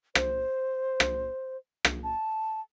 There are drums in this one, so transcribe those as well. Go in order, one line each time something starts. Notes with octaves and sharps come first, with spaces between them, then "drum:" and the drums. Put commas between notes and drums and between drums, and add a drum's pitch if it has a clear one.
C5, drum: rim click
drum: rim click
drum: rim click
A5